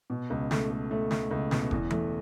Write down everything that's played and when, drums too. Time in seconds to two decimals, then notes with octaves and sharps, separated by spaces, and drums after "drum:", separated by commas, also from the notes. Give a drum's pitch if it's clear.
0.10 B2
0.30 C#2
0.51 A3, drum: snare
0.70 A3
0.91 A3
1.11 A3, drum: snare
1.31 C#2
1.51 B2, drum: snare
1.71 E2, drum: kick E1
1.91 A3, drum: tom E3